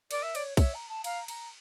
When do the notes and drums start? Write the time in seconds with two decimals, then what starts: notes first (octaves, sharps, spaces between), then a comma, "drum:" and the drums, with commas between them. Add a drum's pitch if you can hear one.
0.11 A#4 D5, drum: cymbal
0.23 E5
0.35 C#5 D5, drum: cymbal
0.57 C#5 E5, drum: kick B1, cymbal
0.74 A#5
0.89 A5
1.04 F5 A#5, drum: cymbal
1.28 A#5, drum: cymbal